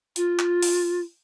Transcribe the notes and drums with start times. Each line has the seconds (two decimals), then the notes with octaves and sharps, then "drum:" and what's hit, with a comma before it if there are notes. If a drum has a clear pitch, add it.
0.16 F4, drum: hi-hat
0.39 drum: clap
0.63 drum: open hi-hat